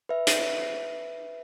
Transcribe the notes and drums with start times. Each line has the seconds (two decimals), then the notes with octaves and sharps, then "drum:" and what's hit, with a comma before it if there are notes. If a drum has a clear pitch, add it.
0.09 B4 E5
0.27 drum: hi-hat